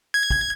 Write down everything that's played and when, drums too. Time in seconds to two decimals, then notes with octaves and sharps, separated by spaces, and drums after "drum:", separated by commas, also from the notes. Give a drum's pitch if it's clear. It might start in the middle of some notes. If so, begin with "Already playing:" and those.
0.14 G#6
0.30 drum: kick